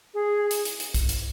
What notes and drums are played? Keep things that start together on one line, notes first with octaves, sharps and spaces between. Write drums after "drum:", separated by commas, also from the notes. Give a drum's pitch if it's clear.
G#4
drum: hi-hat
drum: hi-hat
drum: hi-hat
drum: kick B1, hi-hat
drum: hi-hat